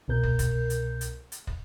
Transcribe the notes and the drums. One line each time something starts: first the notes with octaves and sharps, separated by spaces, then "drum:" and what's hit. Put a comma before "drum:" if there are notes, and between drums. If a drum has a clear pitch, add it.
C2 B2 A#4 G6
drum: kick
drum: kick, hi-hat
drum: hi-hat
drum: hi-hat
drum: hi-hat
drum: kick